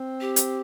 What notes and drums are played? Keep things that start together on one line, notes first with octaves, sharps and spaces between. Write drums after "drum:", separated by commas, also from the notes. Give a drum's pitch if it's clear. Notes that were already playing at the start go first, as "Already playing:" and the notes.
Already playing: C4
G4
drum: hi-hat